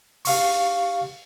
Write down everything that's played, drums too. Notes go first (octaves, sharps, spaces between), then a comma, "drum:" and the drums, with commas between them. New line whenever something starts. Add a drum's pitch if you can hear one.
G4 F5 C#6, drum: open hi-hat